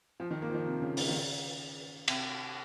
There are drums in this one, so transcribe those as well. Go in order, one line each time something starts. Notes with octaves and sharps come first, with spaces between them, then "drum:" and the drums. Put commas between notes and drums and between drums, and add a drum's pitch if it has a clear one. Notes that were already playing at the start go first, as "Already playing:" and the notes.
F3
D#3
A#3
F3
D#3
C3
C#3
C#3, drum: open hi-hat
D#3
C#3
C3, drum: cymbal